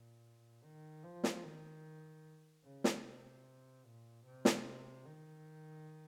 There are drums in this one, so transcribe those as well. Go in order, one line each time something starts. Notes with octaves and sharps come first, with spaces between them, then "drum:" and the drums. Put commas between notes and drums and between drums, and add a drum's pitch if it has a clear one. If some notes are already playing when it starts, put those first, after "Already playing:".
Already playing: A#2
D#3
F3
drum: snare
D#3
C#3
drum: snare
C3
A#2
C3
drum: snare
D#3